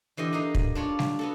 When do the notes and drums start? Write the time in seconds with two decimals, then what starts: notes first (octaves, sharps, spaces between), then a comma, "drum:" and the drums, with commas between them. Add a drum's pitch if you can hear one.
0.17 D3 E3 G4 D#5
0.33 A#3 D#4 D#5 F5
0.55 drum: kick
0.75 D4 F4 C#5
0.99 drum: snare G3
1.19 B3 F#4 A4